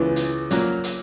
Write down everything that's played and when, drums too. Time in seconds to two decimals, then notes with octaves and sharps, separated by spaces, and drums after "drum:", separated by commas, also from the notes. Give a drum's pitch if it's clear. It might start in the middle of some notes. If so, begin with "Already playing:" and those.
Already playing: C#2 C#3 E3 B3
0.16 drum: hi-hat
0.51 A#2 F#3 A#3, drum: hi-hat
0.84 drum: hi-hat